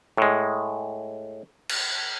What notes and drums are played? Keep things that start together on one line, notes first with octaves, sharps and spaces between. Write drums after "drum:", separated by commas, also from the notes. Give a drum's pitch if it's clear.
A2 G#3
drum: cymbal